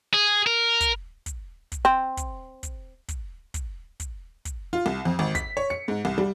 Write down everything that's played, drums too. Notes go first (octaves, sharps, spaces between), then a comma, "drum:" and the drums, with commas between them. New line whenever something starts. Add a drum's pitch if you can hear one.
G#4
A#4
drum: kick, hi-hat
drum: kick, hi-hat
drum: kick, hi-hat
C4
drum: kick, hi-hat
drum: kick, hi-hat
drum: kick, hi-hat
drum: kick, hi-hat
drum: kick, hi-hat
drum: kick, hi-hat
F4
C2
F2
G#1
B6, drum: kick, hi-hat
C#5
C#7
G#2
C2
G3